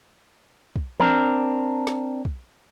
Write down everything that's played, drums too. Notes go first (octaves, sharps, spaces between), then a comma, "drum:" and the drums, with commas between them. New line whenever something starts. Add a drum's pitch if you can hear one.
drum: kick
C4 D4 A#4, drum: tom E3
drum: snare
drum: kick